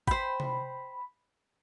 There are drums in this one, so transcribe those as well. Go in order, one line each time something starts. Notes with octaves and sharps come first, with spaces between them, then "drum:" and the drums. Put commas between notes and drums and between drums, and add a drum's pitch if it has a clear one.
C5 G5 B5, drum: kick
drum: tom C3